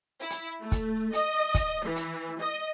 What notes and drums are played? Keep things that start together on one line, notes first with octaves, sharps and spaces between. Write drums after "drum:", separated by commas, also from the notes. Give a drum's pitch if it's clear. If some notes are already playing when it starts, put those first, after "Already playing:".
E4
drum: hi-hat
A3
drum: kick, hi-hat
D#5, drum: hi-hat
drum: kick, hi-hat
E3
drum: hi-hat
D#5